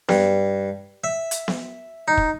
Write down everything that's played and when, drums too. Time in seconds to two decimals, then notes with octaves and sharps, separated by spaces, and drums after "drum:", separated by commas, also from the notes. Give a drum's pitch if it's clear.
0.09 G2, drum: snare B3
1.04 E5
1.31 drum: hi-hat
1.48 drum: snare B3
2.08 D#4
2.17 drum: kick